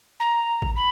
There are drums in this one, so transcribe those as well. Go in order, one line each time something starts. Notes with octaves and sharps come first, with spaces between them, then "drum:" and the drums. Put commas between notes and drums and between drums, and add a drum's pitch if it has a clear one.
A#5
drum: kick G#1
B5